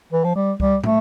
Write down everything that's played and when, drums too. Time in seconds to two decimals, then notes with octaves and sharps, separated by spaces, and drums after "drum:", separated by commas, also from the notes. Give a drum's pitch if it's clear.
0.12 E3
0.24 F3
0.36 G3
0.60 G3, drum: kick C2
0.84 A3, drum: tom